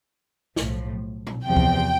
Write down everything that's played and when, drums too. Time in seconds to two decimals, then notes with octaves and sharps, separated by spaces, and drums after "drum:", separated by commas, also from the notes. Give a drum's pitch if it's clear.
0.56 B1 A2 F3, drum: snare
1.27 drum: tom A#2
1.45 E2 C3 F3 G5
1.56 drum: kick C#2